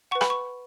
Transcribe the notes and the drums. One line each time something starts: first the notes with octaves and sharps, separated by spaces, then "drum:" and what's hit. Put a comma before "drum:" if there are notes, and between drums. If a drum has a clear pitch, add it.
B4 F#5 C#6
B5, drum: rim click
C#6